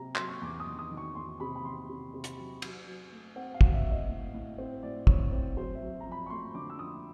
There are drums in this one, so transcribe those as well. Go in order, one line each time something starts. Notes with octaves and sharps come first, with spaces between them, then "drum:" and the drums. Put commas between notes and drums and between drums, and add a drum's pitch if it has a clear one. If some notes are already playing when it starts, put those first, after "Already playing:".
Already playing: C3 F#3 A#5
F#3 C6, drum: clap
C#6
E2 D6
D#6
D#3
D#6
D#3
C#6
E2 C6
C3 B5
B5
D#3 C6
C3
C3
drum: hi-hat
F#3
F#3, drum: cymbal
F#3
A3
C4 F#5
F5
F#3, drum: kick
E5
F#3
D#5
A2
A2
C4
A2 D5
A2 C#5, drum: kick
C4
F#3 C5
E5
F#3
F2 A#5
B5
C#6
A3 C6
D3 D6
E6
F2 D#6